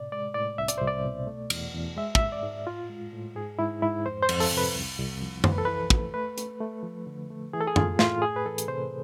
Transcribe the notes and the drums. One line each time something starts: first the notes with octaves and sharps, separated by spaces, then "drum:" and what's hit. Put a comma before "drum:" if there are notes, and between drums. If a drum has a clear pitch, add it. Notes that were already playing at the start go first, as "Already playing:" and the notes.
Already playing: A2 C3 D5
G#3 D5
A2 D5
C2 E5
D5, drum: hi-hat
C2 C5
D5
B2
A3
E2, drum: cymbal
E2
G#3 E5
E5, drum: kick
G#2
D5
G#2
A2 F4
G#3
A2
G#2 G#4
G#2 E4
G#2 E4
F2 C5
C5
F2, drum: cymbal
A4, drum: open hi-hat
C3
B4
C2
C2
F3
E3 C5, drum: tom F#2
B4
A4
E3 B4
A3, drum: kick
A3 B4
A3, drum: hi-hat
A3
F3
D3
A3
E3 G#4
A4
G#4
A2 F4, drum: tom F#2
A2 F4, drum: snare
A3 G#4
B4
E3 A4
drum: hi-hat
C3 C5